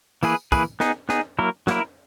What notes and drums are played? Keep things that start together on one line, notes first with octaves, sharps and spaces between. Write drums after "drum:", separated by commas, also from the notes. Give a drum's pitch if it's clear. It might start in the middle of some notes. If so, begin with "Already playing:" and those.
E3 A#3 E4 G#4 B4, drum: tambourine
E3 A#3 E4 G#4 B4, drum: kick, tambourine
B3 D#4 G#4, drum: snare
B3 D#4 G#4, drum: snare
F#3 A#3 E4 A#4
F#3 A#3 E4 A#4, drum: snare